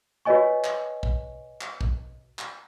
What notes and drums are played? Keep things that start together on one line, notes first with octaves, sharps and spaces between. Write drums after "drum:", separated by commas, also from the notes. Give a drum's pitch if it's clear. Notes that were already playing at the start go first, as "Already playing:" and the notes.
F#4 B4 C#5 D#5 G#5 C#6
drum: clap
drum: kick A#1
drum: clap
drum: kick A#1
drum: clap